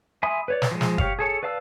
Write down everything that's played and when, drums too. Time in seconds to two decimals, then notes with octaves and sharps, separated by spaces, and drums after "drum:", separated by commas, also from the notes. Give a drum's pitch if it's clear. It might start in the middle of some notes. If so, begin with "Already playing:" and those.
0.23 E5 G#5 B5 C6 D#6
0.48 B4 C#5 D5
0.62 drum: snare
0.71 F3 G#3
0.81 drum: snare
0.98 G4 C#5 F5, drum: kick F#1
1.19 G#4 A4 C#5
1.43 B4 D5 F5 A5 E6